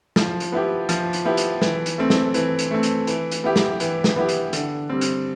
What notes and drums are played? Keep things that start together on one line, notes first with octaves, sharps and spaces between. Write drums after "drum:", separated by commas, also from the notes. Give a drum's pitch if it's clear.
F3, drum: snare
drum: hi-hat
B3 E4 G4
F3, drum: hi-hat
drum: hi-hat
B3 E4 G4
drum: hi-hat
E3, drum: snare
drum: hi-hat
A3 C4
drum: snare
E3, drum: hi-hat
drum: hi-hat
A3 C4
drum: hi-hat
E3, drum: hi-hat
drum: hi-hat
B3 E4 G4
drum: snare
E3, drum: hi-hat
drum: snare
B3 E4 G4
drum: hi-hat
D3, drum: hi-hat
G3 C4
drum: hi-hat